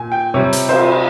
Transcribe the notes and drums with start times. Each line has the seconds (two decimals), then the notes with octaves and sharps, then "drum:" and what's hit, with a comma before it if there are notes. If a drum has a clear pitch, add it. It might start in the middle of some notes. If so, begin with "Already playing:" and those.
Already playing: A#2 G#5
0.12 G5
0.34 C3 G3 C#5
0.53 drum: hi-hat
0.69 C5, drum: cymbal